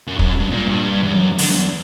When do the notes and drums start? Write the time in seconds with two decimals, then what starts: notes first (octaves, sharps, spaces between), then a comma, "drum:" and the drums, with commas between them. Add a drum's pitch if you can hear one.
0.07 F#2
0.19 F#2, drum: kick
0.40 G2
0.49 A#2
0.67 G2
1.03 E2
1.14 F#2
1.38 D3, drum: open hi-hat
1.50 F#2
1.56 E2